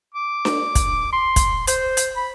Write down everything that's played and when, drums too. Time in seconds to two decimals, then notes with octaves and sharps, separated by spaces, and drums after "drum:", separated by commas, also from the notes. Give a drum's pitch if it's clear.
0.15 D6
0.45 drum: snare D4
0.75 drum: kick, hi-hat
1.13 C6
1.36 drum: kick, hi-hat
1.67 C5, drum: hi-hat
1.97 drum: hi-hat
2.16 B5